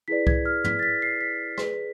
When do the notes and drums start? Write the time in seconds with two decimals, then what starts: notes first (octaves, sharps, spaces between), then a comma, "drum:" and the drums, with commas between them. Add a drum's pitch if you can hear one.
0.08 E4 G#4 B4 D5 B6
0.27 G#6, drum: kick C2
0.45 F6
0.64 B6, drum: tom
0.79 A6
0.83 B6
1.02 C7
1.21 B6
1.58 G#4 B4 D5, drum: rim click